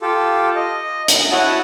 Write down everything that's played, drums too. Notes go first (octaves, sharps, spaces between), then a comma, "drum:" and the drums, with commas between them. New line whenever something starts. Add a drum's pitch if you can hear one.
F4 G4 A4
D#5
drum: hi-hat
E4 F#4 C#5 F#5 A5 D#6